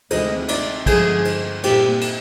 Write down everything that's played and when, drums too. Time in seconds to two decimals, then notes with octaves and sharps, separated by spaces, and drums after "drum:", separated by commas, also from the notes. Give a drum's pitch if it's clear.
0.10 D2 C3 E3 G#3 D#5, drum: cymbal
0.48 D5, drum: cymbal
0.86 G2 D3 F3 G#3 G#4, drum: kick, cymbal
1.25 drum: cymbal
1.63 A#2 G3 A#3 G4, drum: cymbal
2.01 drum: cymbal